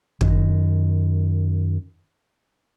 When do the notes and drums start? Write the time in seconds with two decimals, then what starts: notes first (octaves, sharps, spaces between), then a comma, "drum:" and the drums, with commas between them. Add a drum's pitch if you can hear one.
0.21 F#2 D#3, drum: kick